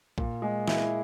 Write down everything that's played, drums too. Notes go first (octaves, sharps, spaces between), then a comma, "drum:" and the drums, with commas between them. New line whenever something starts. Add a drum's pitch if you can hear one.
A#2, drum: kick A#1
G#3
E4, drum: snare